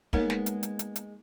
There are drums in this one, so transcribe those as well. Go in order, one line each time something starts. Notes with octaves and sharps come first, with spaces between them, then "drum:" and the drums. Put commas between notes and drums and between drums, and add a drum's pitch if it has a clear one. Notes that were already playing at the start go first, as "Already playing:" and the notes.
G#3 A#3 B3 D#4 A#4 C#5, drum: kick
drum: snare
drum: hi-hat
drum: hi-hat
drum: hi-hat
drum: hi-hat